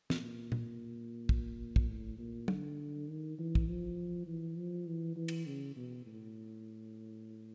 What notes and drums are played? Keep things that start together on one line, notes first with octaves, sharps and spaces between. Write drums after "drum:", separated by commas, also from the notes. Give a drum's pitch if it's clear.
A#2, drum: snare
drum: tom A#2
drum: kick
drum: kick
A2
A#2
D3, drum: tom
D#3
E3
drum: kick
F3
E3
F3
E3
E3
drum: cymbal
C#3
B2
A2